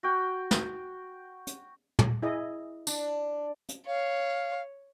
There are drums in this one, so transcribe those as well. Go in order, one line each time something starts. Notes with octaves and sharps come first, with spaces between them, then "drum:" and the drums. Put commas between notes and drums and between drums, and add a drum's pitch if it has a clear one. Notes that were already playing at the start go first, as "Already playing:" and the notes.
F#4 G5
drum: snare
drum: hi-hat
drum: tom
E4 G#4 D#5
D4, drum: tambourine
drum: hi-hat
C#5 F5